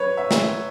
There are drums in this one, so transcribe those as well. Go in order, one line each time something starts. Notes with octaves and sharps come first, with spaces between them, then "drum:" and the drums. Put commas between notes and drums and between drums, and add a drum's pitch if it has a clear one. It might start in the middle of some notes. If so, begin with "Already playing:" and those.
Already playing: F#3 B4 C#5
E5
drum: snare